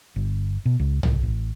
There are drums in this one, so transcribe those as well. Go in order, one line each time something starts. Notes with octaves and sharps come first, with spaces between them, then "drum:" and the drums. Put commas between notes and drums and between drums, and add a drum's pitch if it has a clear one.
G1
B2
C#2
C2, drum: tom B1
A1